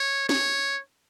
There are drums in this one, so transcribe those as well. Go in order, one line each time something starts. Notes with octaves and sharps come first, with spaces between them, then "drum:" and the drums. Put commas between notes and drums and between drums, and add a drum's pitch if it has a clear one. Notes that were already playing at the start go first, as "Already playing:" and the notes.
Already playing: C#5
C#5, drum: snare